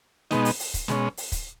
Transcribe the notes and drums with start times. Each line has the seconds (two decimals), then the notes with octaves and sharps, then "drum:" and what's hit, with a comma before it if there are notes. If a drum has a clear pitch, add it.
0.31 B2 G#3 B3 D#4, drum: snare
0.45 drum: open hi-hat
0.59 drum: open hi-hat
0.74 drum: kick, hi-hat
0.88 B2 G#3 C#4, drum: snare
1.17 drum: open hi-hat
1.32 drum: kick, hi-hat